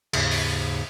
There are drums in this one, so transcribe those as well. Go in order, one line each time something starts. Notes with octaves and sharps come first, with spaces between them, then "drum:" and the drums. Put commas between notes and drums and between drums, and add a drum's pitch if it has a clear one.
D#2 G#2 C#3, drum: cymbal
drum: open hi-hat